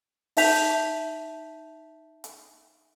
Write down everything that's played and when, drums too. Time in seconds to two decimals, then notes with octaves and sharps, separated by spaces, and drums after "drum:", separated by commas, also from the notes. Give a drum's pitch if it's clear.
0.37 D#4 E5 A5 G6 B6 F7, drum: open hi-hat
2.24 drum: hi-hat